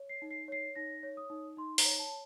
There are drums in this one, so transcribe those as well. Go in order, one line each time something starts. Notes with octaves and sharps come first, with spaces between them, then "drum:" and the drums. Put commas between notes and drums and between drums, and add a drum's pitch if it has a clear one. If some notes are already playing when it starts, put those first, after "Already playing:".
Already playing: C#5
C7
D#4
C7
C#5 C7
D#4 A#6
C#5
D#6
D#4
D#4 C6
A#5, drum: open hi-hat
C#5
A5